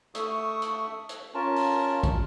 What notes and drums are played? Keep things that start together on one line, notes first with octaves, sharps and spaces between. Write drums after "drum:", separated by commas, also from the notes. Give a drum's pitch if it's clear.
A3 E5 C#6 D#6, drum: hi-hat
drum: hi-hat
drum: hi-hat
C#4 F4 A#4 A5
drum: open hi-hat
drum: kick A#1, hi-hat